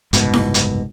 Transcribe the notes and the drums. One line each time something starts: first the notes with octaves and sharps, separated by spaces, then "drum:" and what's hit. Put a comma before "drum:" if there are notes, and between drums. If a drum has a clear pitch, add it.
F#1 C2 G#2 B2, drum: hi-hat
drum: snare E4
drum: hi-hat